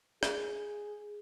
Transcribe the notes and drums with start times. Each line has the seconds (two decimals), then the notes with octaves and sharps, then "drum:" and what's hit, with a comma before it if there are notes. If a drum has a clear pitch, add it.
0.23 G#4, drum: rim click